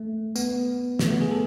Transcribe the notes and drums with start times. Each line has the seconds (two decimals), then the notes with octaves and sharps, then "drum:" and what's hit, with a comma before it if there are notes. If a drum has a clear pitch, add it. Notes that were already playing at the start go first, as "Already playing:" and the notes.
Already playing: A3
0.36 B3, drum: tambourine
0.99 A3, drum: snare
1.11 B3
1.21 G#4
1.31 A4